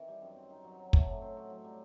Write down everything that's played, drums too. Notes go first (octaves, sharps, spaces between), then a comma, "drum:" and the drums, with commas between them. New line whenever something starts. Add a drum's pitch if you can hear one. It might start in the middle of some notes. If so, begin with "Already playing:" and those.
Already playing: D#3 E3 C4
G3
F#2
C4
D#4
F#3
F#3
A3, drum: kick
A2
C4
F#4
F#3
G3